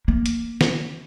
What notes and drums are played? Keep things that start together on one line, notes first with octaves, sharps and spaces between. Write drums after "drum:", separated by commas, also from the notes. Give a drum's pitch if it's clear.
A#3
drum: hi-hat
drum: snare